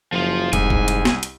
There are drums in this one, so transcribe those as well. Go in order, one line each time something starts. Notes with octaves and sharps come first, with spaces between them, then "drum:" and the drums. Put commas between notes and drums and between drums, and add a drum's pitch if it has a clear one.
F#1 F3 F4
F1 C2 G#2 G#5, drum: hi-hat
drum: kick
drum: hi-hat
drum: snare
drum: hi-hat